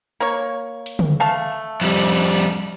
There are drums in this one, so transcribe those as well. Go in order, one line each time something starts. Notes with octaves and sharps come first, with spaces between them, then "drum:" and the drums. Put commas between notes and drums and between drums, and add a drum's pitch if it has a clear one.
A#3 C#5
drum: hi-hat
drum: tom
A3 F5 A5
F2 G3